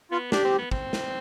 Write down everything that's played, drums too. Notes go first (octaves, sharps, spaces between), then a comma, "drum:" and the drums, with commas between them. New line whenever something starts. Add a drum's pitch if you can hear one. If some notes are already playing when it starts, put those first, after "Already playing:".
B3 F4
D4 G4, drum: snare
C4
B3
C4, drum: kick
drum: snare